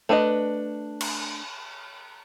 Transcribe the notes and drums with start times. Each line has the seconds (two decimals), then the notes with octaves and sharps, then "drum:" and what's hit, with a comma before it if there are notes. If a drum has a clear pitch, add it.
0.09 A3 D4 B4 C5 D#5
1.01 drum: cymbal